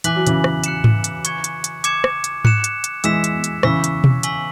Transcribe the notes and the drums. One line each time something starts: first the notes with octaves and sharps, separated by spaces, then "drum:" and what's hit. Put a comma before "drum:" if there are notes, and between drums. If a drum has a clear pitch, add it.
E3 G#5 D6 F#6 B6 F#7, drum: hi-hat
F#3
C#3 E3, drum: hi-hat
drum: rim click
F#6 C#7 E7, drum: hi-hat
drum: tom G#2
drum: hi-hat
C#6 G#6 C#7, drum: hi-hat
drum: hi-hat
drum: hi-hat
D6 G#6 C#7 E7, drum: hi-hat
drum: rim click
drum: hi-hat
F#6 C#7 E7, drum: tom G#2
drum: hi-hat
drum: hi-hat
E3 G#3 E6 B6 E7, drum: hi-hat
drum: hi-hat
drum: hi-hat
C#3 E3 C#6 E6 B6, drum: rim click
drum: hi-hat
drum: tom B2
G#5 C#6 E6 B6 F#7, drum: hi-hat